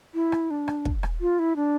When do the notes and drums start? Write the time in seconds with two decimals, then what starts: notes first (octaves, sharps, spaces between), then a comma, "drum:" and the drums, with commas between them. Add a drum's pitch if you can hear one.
0.14 E4
0.32 drum: rim click
0.50 D4
0.68 drum: rim click
0.85 drum: kick
1.03 drum: rim click
1.21 F4
1.39 E4
1.56 D4